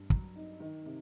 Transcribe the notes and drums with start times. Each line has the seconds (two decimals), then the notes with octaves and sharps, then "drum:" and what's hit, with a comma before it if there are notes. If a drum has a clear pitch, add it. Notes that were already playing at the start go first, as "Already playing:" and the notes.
Already playing: G2
0.10 F#3, drum: kick
0.36 D#4
0.60 D#3
0.86 C3